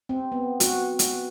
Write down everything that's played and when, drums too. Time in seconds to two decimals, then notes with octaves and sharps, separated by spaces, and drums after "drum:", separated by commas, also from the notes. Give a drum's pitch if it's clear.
0.09 C4
0.32 B3
0.60 F#4, drum: hi-hat
0.99 drum: hi-hat